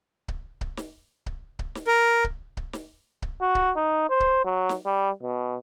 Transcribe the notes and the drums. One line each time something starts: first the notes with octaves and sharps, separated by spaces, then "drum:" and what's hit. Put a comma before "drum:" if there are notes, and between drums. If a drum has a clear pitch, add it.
drum: kick C#1
drum: kick C#1
drum: snare
drum: kick C#1
drum: kick C#1
drum: snare
A#4
drum: kick C#1
drum: kick C#1
drum: snare
drum: kick C#1
F#4
drum: kick C#1
D#4
C5
drum: kick C#1
F#3
drum: snare
G3
B2